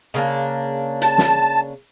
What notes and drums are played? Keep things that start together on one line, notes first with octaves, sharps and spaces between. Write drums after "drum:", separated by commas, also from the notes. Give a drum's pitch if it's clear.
C#3 A#3 D4
A5, drum: hi-hat
drum: snare